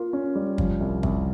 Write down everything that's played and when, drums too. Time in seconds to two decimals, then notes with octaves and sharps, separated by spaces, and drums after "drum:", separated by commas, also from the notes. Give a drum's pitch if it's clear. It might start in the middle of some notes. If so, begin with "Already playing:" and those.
Already playing: A#3 F4
0.13 C#4
0.35 G3
0.58 F3, drum: kick
0.81 C2
1.03 C2, drum: kick